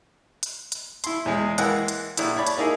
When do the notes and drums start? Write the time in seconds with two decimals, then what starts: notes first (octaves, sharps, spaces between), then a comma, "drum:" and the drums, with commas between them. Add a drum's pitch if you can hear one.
0.43 drum: hi-hat
0.72 drum: hi-hat
1.04 E4 C6, drum: hi-hat
1.26 E2 G#3
1.58 E3 G#3 A#3 F#5 G5, drum: hi-hat
1.88 drum: hi-hat
2.17 A#1 E4, drum: hi-hat
2.37 C#5 D5 B5
2.47 drum: hi-hat
2.57 A#3 D#4 E4 G#4